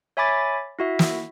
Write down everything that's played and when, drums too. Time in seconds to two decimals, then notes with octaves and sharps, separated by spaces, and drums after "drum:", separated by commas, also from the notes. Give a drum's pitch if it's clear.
0.17 C#5 E5 G#5 B5 D6 A6
0.79 E4 F#4 E5
0.99 drum: snare